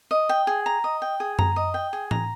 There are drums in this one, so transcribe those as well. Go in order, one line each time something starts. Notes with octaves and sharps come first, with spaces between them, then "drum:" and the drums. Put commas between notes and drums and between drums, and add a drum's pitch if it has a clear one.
D#5
G5
G#4
A#5
D#5
G5
G#4
A#5, drum: tom F#2
D#5
G5
G#4
A#5, drum: tom A2